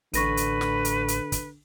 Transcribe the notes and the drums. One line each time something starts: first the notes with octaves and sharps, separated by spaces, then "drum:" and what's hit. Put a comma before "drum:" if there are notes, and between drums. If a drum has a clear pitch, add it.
A1 D3 B4 C#6 A#6 D#7, drum: hi-hat
drum: hi-hat
drum: snare
drum: hi-hat
drum: hi-hat
drum: kick, hi-hat